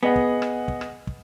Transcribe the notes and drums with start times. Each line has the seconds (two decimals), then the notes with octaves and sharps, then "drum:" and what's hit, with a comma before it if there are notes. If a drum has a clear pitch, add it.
0.03 B3 G#4 D#5 F#5
0.16 drum: kick
0.42 drum: rim click
0.68 drum: kick
0.81 drum: rim click
1.07 drum: kick